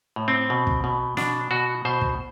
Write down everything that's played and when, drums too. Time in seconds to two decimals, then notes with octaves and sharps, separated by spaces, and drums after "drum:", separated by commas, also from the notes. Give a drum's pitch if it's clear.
0.16 A2
0.28 C4
0.50 B2
0.67 drum: kick
0.84 B2
1.17 B2 D4, drum: snare
1.51 B2 F#4
1.85 B2 C5
2.01 drum: kick